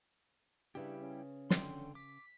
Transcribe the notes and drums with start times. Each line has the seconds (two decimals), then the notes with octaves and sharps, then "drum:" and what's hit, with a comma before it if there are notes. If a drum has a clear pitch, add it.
0.75 C#3 G3 D4 E4 G4 B4
1.01 C#4
1.50 D3 G5 C6, drum: snare
1.95 D6 B6